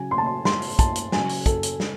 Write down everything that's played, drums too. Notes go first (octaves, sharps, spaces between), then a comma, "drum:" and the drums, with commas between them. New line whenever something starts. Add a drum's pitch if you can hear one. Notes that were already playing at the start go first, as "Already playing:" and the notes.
Already playing: C#3 F#3 G#5
C6
A5
C6
C6, drum: snare
drum: open hi-hat
A5, drum: kick, hi-hat
drum: hi-hat
C#3 F#3 G#5, drum: snare
drum: open hi-hat
A4, drum: kick, hi-hat
drum: hi-hat
drum: snare